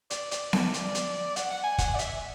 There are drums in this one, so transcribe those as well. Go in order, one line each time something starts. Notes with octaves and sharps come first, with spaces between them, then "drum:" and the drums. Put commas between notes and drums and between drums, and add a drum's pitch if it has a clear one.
D5, drum: hi-hat
D5, drum: hi-hat
drum: snare B3
drum: hi-hat
drum: hi-hat
F#5, drum: hi-hat
F#5
G#5
F#5, drum: kick, hi-hat
D5
E5, drum: hi-hat